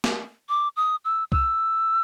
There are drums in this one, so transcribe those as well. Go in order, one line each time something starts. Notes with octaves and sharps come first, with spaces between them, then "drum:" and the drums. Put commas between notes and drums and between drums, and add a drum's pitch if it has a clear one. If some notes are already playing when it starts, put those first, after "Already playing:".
drum: snare
D6
D#6
E6
E6, drum: kick C2